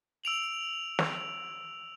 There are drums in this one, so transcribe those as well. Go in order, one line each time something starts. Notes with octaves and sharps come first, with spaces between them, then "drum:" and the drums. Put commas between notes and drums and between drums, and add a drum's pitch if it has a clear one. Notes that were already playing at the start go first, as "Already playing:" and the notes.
E6 D7 F7 F#7
drum: snare